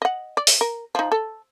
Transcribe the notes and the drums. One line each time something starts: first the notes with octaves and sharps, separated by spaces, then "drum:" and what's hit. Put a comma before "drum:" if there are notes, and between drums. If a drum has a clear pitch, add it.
D#5 F#5
D5
drum: open hi-hat
A#4
F3 D#4
A4